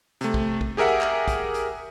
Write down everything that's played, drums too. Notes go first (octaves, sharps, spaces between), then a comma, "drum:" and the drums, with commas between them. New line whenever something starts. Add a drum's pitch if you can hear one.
C3 A3, drum: hi-hat
drum: kick
drum: kick
G4 G#4 A#4 E5 F#5
drum: clap
drum: kick, hi-hat
drum: hi-hat